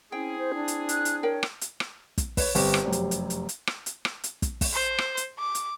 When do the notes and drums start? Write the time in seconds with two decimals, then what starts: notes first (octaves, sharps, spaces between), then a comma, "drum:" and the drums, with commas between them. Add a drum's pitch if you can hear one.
0.12 C4 C#4 E4 G#4 G5
0.38 C5
0.55 D4
0.68 drum: hi-hat
0.89 F#6, drum: hi-hat
1.05 drum: hi-hat
1.23 A#4 C#5 G5
1.43 drum: rim click
1.61 drum: hi-hat
1.80 drum: rim click
2.18 drum: kick, hi-hat
2.37 B4 C#5, drum: kick, open hi-hat
2.55 G1 C4 G4 C#6, drum: open hi-hat
2.74 drum: rim click
2.83 F1 F#2 G4 C5
2.92 drum: hi-hat
3.11 drum: hi-hat
3.30 drum: hi-hat
3.49 drum: hi-hat
3.67 drum: rim click
3.86 drum: hi-hat
4.05 drum: rim click
4.24 drum: hi-hat
4.42 drum: kick, hi-hat
4.61 drum: kick, open hi-hat
4.73 C5
4.98 drum: rim click
5.17 drum: hi-hat
5.39 D6
5.55 drum: hi-hat